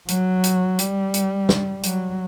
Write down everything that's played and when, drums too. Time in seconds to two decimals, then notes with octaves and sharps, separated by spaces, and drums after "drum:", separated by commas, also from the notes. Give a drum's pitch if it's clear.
0.08 F#3, drum: hi-hat
0.44 drum: hi-hat
0.79 G3, drum: hi-hat
1.14 drum: hi-hat
1.49 drum: snare
1.83 F#3, drum: hi-hat